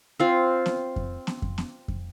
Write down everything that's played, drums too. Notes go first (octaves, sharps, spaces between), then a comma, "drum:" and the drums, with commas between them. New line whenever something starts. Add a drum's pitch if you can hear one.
C4 F4
drum: snare B3
drum: kick F2
drum: snare B3
drum: kick F2
drum: snare B3
drum: kick F2